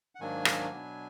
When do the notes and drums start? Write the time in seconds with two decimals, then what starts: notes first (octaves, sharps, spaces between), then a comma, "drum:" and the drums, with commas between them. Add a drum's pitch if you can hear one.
0.15 F#5
0.20 G#2 D#3 F#3 A#3 D4 G#5
0.45 drum: rim click
0.71 B2 F#3 B3 D4